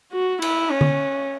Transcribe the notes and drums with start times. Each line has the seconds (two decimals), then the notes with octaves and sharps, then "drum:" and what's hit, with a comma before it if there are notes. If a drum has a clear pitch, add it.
0.12 F#4
0.42 E4, drum: cymbal
0.71 C#4
0.81 drum: tom D3